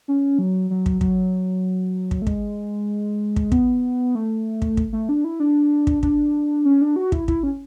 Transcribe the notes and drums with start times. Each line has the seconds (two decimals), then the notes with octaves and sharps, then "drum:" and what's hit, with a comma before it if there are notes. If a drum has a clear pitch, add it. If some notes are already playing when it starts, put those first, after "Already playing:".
0.08 C#4
0.39 F#3
0.70 F#3
0.86 drum: kick
1.01 F#3, drum: kick
2.11 drum: kick
2.22 A3
2.27 G#3, drum: kick
3.36 drum: kick
3.52 B3, drum: kick
4.15 A3
4.62 drum: kick
4.77 drum: kick
4.93 A3
5.09 D4
5.24 E4
5.40 D4
5.87 drum: kick
6.03 D4, drum: kick
6.65 C#4
6.81 D4
6.96 F#4
7.12 E4, drum: kick
7.28 E4, drum: kick
7.43 C#4